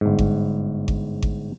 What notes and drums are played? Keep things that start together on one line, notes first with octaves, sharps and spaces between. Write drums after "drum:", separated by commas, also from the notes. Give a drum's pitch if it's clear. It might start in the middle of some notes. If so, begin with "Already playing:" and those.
G1 G#2
drum: kick G#1
drum: kick G#1
drum: kick G#1